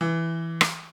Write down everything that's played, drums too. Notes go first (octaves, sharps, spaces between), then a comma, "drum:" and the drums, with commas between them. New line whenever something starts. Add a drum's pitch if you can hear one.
E3
drum: rim click